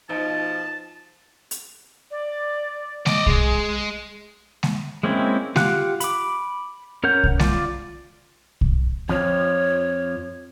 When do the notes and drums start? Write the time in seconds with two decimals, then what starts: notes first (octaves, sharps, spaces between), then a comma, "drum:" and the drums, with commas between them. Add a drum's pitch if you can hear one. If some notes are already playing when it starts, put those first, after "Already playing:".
0.09 B2 F3 D#4 A5
1.51 drum: hi-hat
2.11 D5
3.06 D5 D#5, drum: snare G#3
3.26 G#3 G#4, drum: kick
4.63 drum: snare G#3
5.03 G#3 A#3 C4 C#4 E4
5.56 F4 G4 F5 F#5 F#6, drum: snare G#3
6.00 B5 D6, drum: hi-hat
7.04 C#4 A#4 C#5 F#5 G6
7.24 drum: kick
7.39 F4 D5, drum: snare G#3
8.61 drum: kick
9.09 F2 F3 C#5